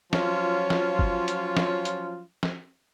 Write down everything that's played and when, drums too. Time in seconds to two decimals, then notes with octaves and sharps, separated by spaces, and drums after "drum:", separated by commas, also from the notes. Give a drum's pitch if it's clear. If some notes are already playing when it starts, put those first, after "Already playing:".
0.13 F3 F#3 C#4 F4, drum: snare
0.70 drum: snare
0.99 drum: kick
1.28 drum: hi-hat
1.57 drum: snare
1.85 drum: hi-hat
2.43 drum: snare